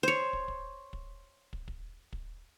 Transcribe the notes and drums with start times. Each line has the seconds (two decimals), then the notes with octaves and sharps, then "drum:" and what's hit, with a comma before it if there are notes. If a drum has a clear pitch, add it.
0.03 C5 C#5
0.33 drum: kick
0.48 drum: kick
0.93 drum: kick
1.53 drum: kick
1.68 drum: kick
2.13 drum: kick